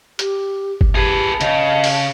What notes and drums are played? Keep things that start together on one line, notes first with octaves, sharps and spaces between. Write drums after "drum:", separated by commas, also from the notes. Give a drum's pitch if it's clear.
G4, drum: hi-hat
drum: kick F#1
G4 G#4 B4 A5
C#3 D#5, drum: hi-hat
drum: open hi-hat